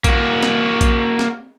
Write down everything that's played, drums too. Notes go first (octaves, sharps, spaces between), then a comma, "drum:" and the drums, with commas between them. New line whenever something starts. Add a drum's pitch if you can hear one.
A#3 F#4, drum: kick A#1, hi-hat
drum: snare
drum: kick A#1, hi-hat
drum: snare